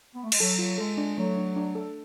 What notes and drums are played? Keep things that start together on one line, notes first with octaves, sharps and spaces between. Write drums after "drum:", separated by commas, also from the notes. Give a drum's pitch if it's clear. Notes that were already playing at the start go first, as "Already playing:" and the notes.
B3
A3
G#3, drum: cymbal
F#3 A4
F4
G#3 A4
D4
F#3 A3
D4
D4
A4